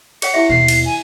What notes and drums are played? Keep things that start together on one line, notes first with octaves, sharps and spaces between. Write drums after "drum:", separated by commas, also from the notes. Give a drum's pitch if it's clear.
G#4 C#5 F#5 C#7, drum: cymbal
E4 G4 E5
D#2 B2 C7
drum: cymbal
G#5